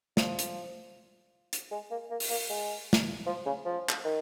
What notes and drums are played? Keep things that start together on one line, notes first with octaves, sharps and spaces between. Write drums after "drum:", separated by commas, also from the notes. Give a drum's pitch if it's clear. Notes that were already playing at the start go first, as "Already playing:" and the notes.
F3, drum: snare
drum: hi-hat
drum: hi-hat
G#3
A#3
A#3
drum: open hi-hat
A#3
G#3
drum: snare
F3
C#3
F3
drum: clap
D#3